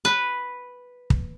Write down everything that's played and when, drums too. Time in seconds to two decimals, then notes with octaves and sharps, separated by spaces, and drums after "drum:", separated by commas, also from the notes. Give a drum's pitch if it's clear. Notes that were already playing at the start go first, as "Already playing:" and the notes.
0.05 B4
1.10 drum: kick